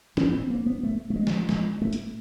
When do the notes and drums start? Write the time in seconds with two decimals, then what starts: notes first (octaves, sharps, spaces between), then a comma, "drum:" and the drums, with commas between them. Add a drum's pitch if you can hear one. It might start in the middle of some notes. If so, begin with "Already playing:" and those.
0.17 A2 C#4, drum: snare
0.34 C4
0.50 A#3
0.66 B3
0.83 A3
1.10 A3
1.16 G#3
1.27 drum: snare
1.49 G#3, drum: snare
1.82 A3
1.93 drum: hi-hat